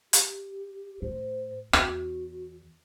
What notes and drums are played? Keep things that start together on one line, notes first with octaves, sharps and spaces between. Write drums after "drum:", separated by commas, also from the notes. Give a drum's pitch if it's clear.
G4, drum: hi-hat
A2 C5
E2 F#4, drum: rim click